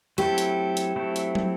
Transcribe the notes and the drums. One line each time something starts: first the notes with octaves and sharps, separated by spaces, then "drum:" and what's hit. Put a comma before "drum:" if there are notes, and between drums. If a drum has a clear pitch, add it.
F#3 A3 C4 E4 G4 A4
drum: hi-hat
drum: hi-hat
F#3 A3 C4 E4 A4
drum: hi-hat
drum: tom